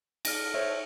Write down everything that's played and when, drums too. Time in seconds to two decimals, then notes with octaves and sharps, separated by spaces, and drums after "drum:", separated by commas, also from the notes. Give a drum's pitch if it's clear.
0.25 F6 A#6, drum: cymbal
0.54 C5 C#5 E5